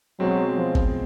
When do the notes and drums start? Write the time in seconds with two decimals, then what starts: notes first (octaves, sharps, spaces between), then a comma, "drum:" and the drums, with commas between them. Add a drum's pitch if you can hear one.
0.19 B2 F#3 G#3 C4
0.57 F3
0.75 drum: kick G1